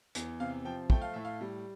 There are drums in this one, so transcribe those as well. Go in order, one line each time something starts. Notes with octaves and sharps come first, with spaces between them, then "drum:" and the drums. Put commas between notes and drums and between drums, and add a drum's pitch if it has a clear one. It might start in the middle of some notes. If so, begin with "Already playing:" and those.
E2, drum: hi-hat
C3 F5
F3 G5
A3 G5, drum: kick
F5
A2 E5
F5
G3